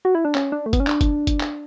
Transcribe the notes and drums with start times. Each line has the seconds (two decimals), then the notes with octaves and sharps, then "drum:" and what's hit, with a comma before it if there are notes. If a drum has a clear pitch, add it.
0.05 F#4
0.15 E4
0.25 D4
0.35 C#4, drum: clap
0.52 D4
0.66 A3
0.73 B3, drum: kick, hi-hat
0.80 C#4
0.87 D4, drum: clap
1.01 drum: kick, hi-hat
1.27 drum: kick, hi-hat
1.40 drum: clap